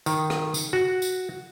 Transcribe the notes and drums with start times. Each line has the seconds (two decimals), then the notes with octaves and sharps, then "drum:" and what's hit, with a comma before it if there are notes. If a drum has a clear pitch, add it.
0.06 D#3, drum: tambourine
0.30 drum: rim click
0.54 drum: tambourine
0.73 F#4
1.02 drum: tambourine